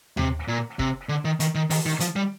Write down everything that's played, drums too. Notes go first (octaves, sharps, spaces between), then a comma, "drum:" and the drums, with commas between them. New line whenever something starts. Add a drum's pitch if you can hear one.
C3, drum: tom D#2
A#2
C3, drum: kick
D3
D#3
D#3, drum: hi-hat
D#3
D#3, drum: open hi-hat
D#3
F3, drum: hi-hat
G3